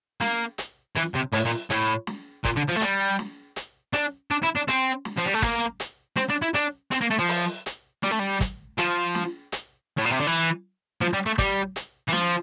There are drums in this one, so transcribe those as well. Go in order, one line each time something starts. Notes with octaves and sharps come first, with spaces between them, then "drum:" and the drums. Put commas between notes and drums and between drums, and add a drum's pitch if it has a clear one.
A#3, drum: snare
drum: hi-hat
E3, drum: hi-hat
C3
A2, drum: open hi-hat
A#2
A2, drum: hi-hat
drum: snare
A#2, drum: kick, hi-hat
D3
F3
A3
G3, drum: hi-hat
drum: snare
drum: hi-hat
D4, drum: hi-hat
D4
E4
D4
C4, drum: hi-hat
drum: snare
F3
G3
A3
A#3, drum: kick, hi-hat
drum: hi-hat
C4, drum: snare
D4
E4
D4, drum: hi-hat
C4, drum: hi-hat
A#3
A3
F3
drum: open hi-hat
drum: hi-hat
G3, drum: snare
A3
G3
drum: kick, hi-hat
F3, drum: hi-hat
drum: snare
drum: hi-hat
A2
A#2
C3
D3
E3
F3, drum: snare
G3
A3
G3, drum: kick, hi-hat
drum: hi-hat
E3
F3, drum: snare